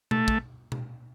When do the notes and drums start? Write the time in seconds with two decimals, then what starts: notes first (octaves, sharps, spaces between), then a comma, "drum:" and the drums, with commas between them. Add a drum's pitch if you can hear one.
0.11 A3, drum: tom B2
0.28 drum: kick
0.72 drum: tom B2